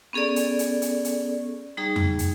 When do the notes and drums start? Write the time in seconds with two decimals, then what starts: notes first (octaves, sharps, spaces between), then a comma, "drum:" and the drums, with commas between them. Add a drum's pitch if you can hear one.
0.13 B3 C#4 G#4 A4 D5
0.36 drum: hi-hat
0.59 drum: hi-hat
0.82 drum: hi-hat
1.05 drum: hi-hat
1.77 G3 D#4 G#4
1.96 drum: tom F2
2.19 drum: hi-hat